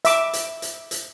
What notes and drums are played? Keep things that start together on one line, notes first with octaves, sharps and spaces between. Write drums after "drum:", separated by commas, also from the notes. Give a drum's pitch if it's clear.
E5 D6, drum: hi-hat
drum: hi-hat
drum: hi-hat
drum: hi-hat